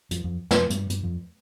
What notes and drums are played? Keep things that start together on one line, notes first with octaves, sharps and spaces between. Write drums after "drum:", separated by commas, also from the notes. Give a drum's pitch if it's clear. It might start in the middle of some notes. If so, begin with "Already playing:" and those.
F2 F3, drum: hi-hat
F2 F3
F2 F3, drum: snare
G2 G3, drum: hi-hat
G2 G3, drum: hi-hat
F2 F3